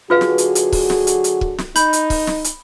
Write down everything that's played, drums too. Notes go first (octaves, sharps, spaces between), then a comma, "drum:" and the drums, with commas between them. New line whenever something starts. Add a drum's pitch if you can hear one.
D3 F#3 F4 F#4 G#4 B4 F5
drum: snare
drum: hi-hat
drum: hi-hat
drum: kick, open hi-hat
drum: snare
drum: hi-hat
drum: hi-hat
drum: kick
drum: snare
D#4 B5 G6, drum: hi-hat
drum: hi-hat
drum: kick, open hi-hat
drum: snare
drum: hi-hat